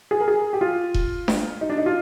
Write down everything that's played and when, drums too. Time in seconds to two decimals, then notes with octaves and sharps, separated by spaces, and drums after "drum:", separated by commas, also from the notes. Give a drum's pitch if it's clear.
0.11 G#4
0.21 A#4
0.28 G#4
0.53 G4
0.61 F4
0.94 drum: kick E1
1.28 drum: snare D4
1.61 D#4
1.70 D4
1.78 D#4
1.86 F4